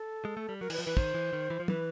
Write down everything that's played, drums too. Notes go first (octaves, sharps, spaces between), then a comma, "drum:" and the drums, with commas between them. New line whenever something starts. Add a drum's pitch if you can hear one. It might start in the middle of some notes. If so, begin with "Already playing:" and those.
Already playing: A4
G#3
A3
G3
F#3 A#4
E3 B4, drum: cymbal
F3
E3 B4
D#3 C5, drum: kick
E3
D#3
E3
F3
E3 B4, drum: tom